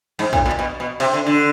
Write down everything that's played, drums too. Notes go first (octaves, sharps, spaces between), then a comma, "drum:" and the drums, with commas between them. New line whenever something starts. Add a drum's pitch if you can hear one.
G#2, drum: cymbal
A2, drum: kick
A#2
B2
B2
C3, drum: cymbal
D3
D3